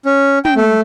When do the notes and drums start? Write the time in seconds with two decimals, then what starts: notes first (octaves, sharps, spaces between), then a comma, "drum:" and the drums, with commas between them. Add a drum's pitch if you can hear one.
0.05 C#4
0.45 G5, drum: tom
0.56 A3